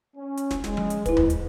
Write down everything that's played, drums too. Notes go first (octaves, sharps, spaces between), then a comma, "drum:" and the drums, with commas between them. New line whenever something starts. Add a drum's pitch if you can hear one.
C#4
drum: hi-hat
drum: snare
G#3, drum: snare
drum: tom F3
drum: hi-hat
G#2 E4 B4, drum: kick, hi-hat
drum: tom D#2
drum: hi-hat